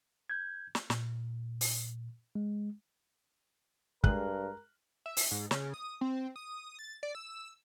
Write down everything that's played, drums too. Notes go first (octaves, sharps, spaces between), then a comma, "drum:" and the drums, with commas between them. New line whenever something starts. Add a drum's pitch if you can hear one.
G6 G#6
drum: snare
A#2, drum: snare
drum: open hi-hat
G#3
G2 G#3 G#4 A#4 F#6, drum: kick
E5
drum: open hi-hat
G#2
C#3, drum: snare
D#6
C4
D#6
A6
D5
E6